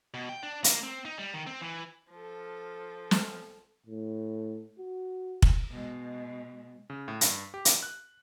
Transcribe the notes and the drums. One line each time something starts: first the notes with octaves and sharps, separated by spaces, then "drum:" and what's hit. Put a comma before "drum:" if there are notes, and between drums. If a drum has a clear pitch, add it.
B2
G5
D4
A#3, drum: hi-hat
C4
D#4
G3
D#3
C4
E3
F3 A4
drum: snare
A2
F#4
drum: kick
B2 G#3
C#3
A2
G2, drum: hi-hat
G4
drum: hi-hat
F#6